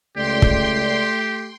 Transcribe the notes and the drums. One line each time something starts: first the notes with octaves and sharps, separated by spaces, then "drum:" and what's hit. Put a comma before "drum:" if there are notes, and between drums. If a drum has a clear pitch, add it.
C#2 A3 G4 D5 G5 C6
drum: kick